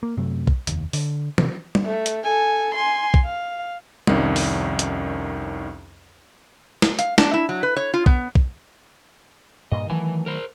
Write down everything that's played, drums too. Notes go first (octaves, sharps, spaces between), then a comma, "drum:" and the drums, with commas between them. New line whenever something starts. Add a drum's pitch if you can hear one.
A#3
F#2 C3 F#3 A3
drum: kick
F1 D#2, drum: hi-hat
D3, drum: open hi-hat
C3 E3, drum: tom E3
drum: tom G3
A3
drum: hi-hat
A4 G#5
G#5 C6
drum: kick
F5
C2 F2 D#3 C#4, drum: tom G3
drum: open hi-hat
drum: hi-hat
drum: snare
F5, drum: hi-hat
D4, drum: snare
E4
F#3
B4
C#5
F4
B3, drum: kick
drum: kick
G2 A#2 D#5
D#3 E3 F#3 A3 G#5
A#4 C5